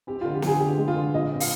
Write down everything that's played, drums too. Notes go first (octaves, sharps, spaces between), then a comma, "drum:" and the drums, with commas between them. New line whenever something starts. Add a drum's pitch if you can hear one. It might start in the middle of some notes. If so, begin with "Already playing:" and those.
C4 G4
D3 F4
G4
D3 G#4, drum: snare
D3 G4
G#3
F4
D3
A#2 D#5
C4
F5, drum: open hi-hat